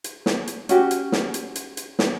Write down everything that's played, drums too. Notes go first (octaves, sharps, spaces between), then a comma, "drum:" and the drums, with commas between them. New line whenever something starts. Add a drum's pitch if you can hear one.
drum: hi-hat
drum: snare
drum: hi-hat
C#4 F#4 G4, drum: hi-hat
drum: hi-hat
drum: snare
drum: hi-hat
drum: hi-hat
drum: hi-hat
drum: snare